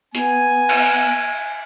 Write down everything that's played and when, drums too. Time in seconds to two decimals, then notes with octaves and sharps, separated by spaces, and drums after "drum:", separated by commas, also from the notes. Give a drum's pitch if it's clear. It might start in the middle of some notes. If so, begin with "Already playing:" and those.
0.14 B3 G#5, drum: hi-hat
0.69 drum: cymbal